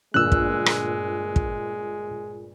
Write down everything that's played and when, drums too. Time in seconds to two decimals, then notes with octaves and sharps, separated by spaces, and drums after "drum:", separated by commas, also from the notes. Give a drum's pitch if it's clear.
0.14 G1 A#2 G#3 E6 F#6
0.32 drum: kick
0.66 drum: rim click
1.36 drum: kick